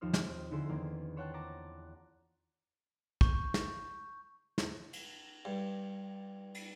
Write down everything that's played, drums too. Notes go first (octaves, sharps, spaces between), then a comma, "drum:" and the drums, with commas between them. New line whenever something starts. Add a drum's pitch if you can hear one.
D#2 F3 D#4 C5 F6
C4, drum: snare
D3 D#4 E4 G#4 A#4 C5
E2 D#3 A#3 B3
C5 C#5 F#5 G5 A5 F#6
A5 A#5 D6 A#6
C#6 G6, drum: kick
drum: snare
drum: snare
drum: cymbal
G2
drum: cymbal